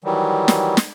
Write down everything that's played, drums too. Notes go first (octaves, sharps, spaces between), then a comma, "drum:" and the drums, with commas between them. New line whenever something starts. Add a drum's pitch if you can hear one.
D#3 E3 F#3 G3
drum: snare
drum: snare